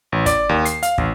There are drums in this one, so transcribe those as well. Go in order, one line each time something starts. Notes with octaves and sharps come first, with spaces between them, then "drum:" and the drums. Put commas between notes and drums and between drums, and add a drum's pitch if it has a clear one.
A1
D5, drum: kick, hi-hat
D#2
C7, drum: hi-hat
F5, drum: hi-hat
A1, drum: kick